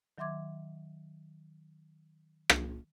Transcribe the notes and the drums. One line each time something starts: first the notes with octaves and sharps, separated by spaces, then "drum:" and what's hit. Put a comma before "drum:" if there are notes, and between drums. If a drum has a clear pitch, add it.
D#3 F#3 E5 C6 D6 G#6
drum: rim click